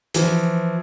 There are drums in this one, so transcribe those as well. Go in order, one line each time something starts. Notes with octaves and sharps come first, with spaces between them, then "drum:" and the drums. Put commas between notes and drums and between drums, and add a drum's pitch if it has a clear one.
E3 F3, drum: hi-hat